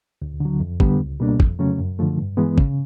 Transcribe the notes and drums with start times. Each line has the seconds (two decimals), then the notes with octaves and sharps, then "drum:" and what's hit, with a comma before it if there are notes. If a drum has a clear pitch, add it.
0.22 D2
0.40 D3 F#3
0.60 F2
0.80 D3 G3 B3, drum: kick
1.00 C#2
1.20 B2 G3 A#3 D4
1.40 F2, drum: kick
1.59 C#3 F#3 A3 C#4
1.78 F#2
1.99 D3 F3 A3
2.18 G2
2.37 E3 G#3 B3
2.58 C#3, drum: kick